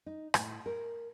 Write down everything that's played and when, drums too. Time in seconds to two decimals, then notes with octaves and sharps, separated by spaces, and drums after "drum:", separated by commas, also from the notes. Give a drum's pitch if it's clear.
0.06 D#4
0.34 A2, drum: rim click
0.66 A#4